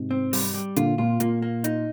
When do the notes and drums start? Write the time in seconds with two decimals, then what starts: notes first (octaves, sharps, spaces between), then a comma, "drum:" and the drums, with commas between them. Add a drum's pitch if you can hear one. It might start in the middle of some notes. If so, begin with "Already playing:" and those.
Already playing: G#2 C3
0.11 C4
0.33 G3, drum: open hi-hat
0.54 G3
0.76 A#2 D3 F4, drum: hi-hat
0.98 A#2 F4
1.20 A#2 A#3, drum: hi-hat
1.42 A#3
1.64 D#4, drum: hi-hat